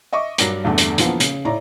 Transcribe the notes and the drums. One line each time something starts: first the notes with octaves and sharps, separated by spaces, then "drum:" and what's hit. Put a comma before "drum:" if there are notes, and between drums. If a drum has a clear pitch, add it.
D#5 E5 C#6 D6
G2 F#3 D4 A#4 A#6, drum: hi-hat
E2 G2 D3 A3
drum: hi-hat
D3 E3 F3 A#3 B3, drum: hi-hat
C#3, drum: hi-hat
A2 E4 D5 A#5